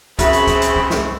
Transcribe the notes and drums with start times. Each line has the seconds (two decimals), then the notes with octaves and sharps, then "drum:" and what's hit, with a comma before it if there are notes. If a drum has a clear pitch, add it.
0.19 F#2 C4 E4 F#4 G#4 B5 C#6, drum: kick C2, hi-hat
0.33 drum: hi-hat
0.47 drum: kick C2, hi-hat
0.62 drum: hi-hat
0.76 drum: kick C2
0.90 drum: snare